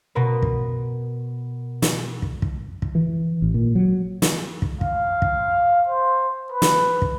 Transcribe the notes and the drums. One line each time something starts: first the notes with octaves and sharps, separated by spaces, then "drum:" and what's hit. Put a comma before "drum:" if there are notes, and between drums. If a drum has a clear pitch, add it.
B2 A#4 B4
drum: kick
drum: snare
drum: kick
drum: kick
drum: kick
E3
A1
A#2
F#3
drum: snare
drum: kick
F5, drum: kick
drum: kick
C5
B4
drum: snare
drum: kick